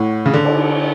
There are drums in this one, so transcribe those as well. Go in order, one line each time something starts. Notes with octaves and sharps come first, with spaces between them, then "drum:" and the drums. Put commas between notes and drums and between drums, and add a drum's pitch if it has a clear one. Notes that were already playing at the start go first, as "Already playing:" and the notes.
Already playing: A2 C#5 F#5 D6
C#3
D3
drum: cymbal